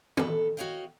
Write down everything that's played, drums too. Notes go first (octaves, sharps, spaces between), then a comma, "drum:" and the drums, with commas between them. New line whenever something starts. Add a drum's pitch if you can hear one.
A4 B4, drum: tom
F#4 A4 C#5 D#5 F5 G5